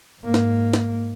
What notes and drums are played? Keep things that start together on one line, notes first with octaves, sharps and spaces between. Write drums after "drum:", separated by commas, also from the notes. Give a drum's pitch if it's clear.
G#2 A#3
drum: snare
drum: snare